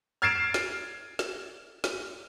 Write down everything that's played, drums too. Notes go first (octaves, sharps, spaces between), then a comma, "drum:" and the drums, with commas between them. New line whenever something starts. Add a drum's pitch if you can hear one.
F6 G#6 A6 C7 D7 E7
drum: snare
drum: snare
drum: snare